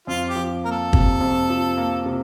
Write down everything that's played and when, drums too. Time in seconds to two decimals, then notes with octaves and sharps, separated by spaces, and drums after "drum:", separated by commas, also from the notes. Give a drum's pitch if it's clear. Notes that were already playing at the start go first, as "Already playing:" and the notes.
0.07 F2 F4
0.28 G4
0.36 F3
0.64 A#3 A#4
0.71 A4
0.93 C3, drum: kick
1.21 F2
1.49 F3
1.77 A#3
2.06 C3